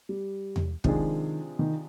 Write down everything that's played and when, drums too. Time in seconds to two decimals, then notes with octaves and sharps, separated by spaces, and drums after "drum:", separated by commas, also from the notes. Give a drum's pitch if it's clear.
0.09 G3
0.56 drum: tom E2
0.84 C3 D#3 F3 G#3 D4 G#4, drum: kick
1.59 D#3